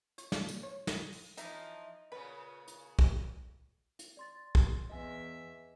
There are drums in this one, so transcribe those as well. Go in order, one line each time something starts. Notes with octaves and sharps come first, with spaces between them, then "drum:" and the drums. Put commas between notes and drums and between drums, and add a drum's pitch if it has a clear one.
C#5, drum: hi-hat
D4, drum: snare
A#2, drum: tambourine
C#5
drum: snare
drum: open hi-hat
E3 F3 D#4 E5, drum: hi-hat
A#2 C#3 B3 B4
drum: hi-hat
drum: kick
drum: hi-hat
D5 C6 A6
drum: kick
E2 D#5 E5 G#5